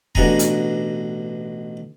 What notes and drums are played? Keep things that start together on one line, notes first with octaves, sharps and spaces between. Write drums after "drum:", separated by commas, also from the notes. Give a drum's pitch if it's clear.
A1 B2 D4 F#5 G#5 A#5, drum: kick D#1
drum: hi-hat